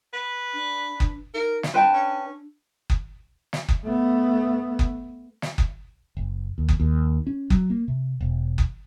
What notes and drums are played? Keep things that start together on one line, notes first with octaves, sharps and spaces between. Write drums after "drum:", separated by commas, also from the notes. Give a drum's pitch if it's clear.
B4
D4
drum: kick F#1
D#4 A#4
drum: snare
C4 D4 B4 G5 A5
C#4
drum: kick F#1
drum: snare
drum: kick F#1
A3 B3
drum: kick F#1
drum: snare
drum: kick F#1
F#1
D#2
drum: kick F#1
D#2
C#4
F#3, drum: kick F#1
A#3
C3
E1
drum: kick F#1